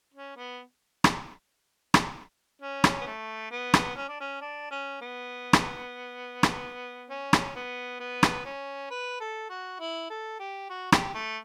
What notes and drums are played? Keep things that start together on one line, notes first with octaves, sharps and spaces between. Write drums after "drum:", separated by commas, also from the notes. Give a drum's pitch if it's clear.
C#4
B3
drum: rim click
drum: rim click
C#4
drum: rim click
B3
A3
B3
drum: rim click
C#4
D4
C#4
D4
C#4
B3
drum: rim click
drum: rim click
C#4
drum: rim click
B3
B3
drum: rim click
C#4
B4
A4
F#4
E4
A4
G4
F#4
G4, drum: rim click
A3